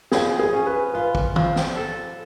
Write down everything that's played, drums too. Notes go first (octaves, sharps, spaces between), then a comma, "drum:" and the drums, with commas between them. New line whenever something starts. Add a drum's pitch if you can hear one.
F3 G#4, drum: snare
G#4
C#4
B4
F4 B4
drum: kick
F3, drum: tom
drum: snare
A4